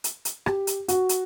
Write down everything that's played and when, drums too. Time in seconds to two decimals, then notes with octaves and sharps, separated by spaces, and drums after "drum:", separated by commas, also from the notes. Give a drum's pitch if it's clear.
0.04 drum: hi-hat
0.25 drum: hi-hat
0.46 G4, drum: rim click
0.67 drum: hi-hat
0.88 F#4, drum: hi-hat
1.09 drum: hi-hat